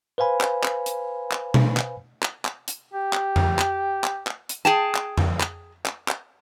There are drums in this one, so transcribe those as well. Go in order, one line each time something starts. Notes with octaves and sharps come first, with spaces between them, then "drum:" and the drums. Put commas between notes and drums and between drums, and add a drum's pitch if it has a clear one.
B4 C5 F5 G#5 B5
drum: clap
drum: clap
drum: hi-hat
drum: clap
drum: tom B2
drum: clap
drum: clap
drum: clap
drum: hi-hat
G4
drum: clap
drum: tom F2
drum: clap
drum: clap
drum: clap
drum: hi-hat
G#4 G5 A5
drum: clap
drum: tom F2
drum: clap
drum: clap
drum: clap